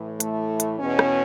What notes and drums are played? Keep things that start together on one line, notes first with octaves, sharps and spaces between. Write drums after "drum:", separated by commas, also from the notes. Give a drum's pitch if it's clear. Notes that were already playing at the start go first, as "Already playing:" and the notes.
Already playing: A2 E3
A3, drum: hi-hat
drum: hi-hat
E2 B2 C#4
drum: rim click